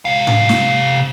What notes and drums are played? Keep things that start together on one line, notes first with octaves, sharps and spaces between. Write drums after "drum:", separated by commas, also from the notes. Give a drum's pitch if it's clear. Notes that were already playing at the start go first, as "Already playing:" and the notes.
C3 F5
drum: tom G#2
drum: snare